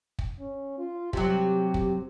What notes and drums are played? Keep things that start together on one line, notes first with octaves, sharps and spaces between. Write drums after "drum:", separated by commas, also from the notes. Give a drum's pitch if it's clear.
drum: kick
C#4
F4
C3 F#3 G4, drum: kick
drum: kick